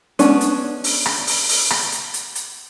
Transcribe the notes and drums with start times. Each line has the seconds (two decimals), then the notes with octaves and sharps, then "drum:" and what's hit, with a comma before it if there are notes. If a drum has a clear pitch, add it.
0.19 G#3 B3 C#4 D4, drum: hi-hat
0.41 drum: hi-hat
0.84 drum: open hi-hat
1.06 drum: rim click
1.27 drum: open hi-hat
1.49 drum: open hi-hat
1.71 drum: rim click
1.92 drum: hi-hat
2.14 drum: hi-hat
2.35 drum: hi-hat